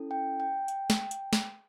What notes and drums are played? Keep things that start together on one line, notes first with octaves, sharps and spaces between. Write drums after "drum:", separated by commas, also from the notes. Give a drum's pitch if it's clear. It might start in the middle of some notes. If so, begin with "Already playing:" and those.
Already playing: C#4 E4 A4
G5
G5
drum: hi-hat
drum: snare
drum: hi-hat
drum: snare